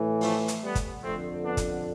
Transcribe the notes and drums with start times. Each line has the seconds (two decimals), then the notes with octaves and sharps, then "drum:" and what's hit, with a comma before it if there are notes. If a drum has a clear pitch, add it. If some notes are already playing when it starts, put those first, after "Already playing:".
Already playing: A2 E3
0.21 F3 A3, drum: open hi-hat
0.48 drum: hi-hat
0.62 G3 B3
0.75 drum: kick, hi-hat
1.02 F2 D3 A3 C4
1.43 B3 D4
1.57 drum: kick, hi-hat